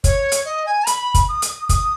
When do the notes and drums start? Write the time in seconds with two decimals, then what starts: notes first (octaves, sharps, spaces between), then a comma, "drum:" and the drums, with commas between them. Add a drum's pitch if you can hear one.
0.04 C#5, drum: kick, hi-hat
0.32 drum: hi-hat
0.45 D#5
0.66 G#5
0.87 B5, drum: hi-hat
1.14 drum: kick, hi-hat
1.29 D#6
1.42 drum: hi-hat
1.69 D#6, drum: kick, hi-hat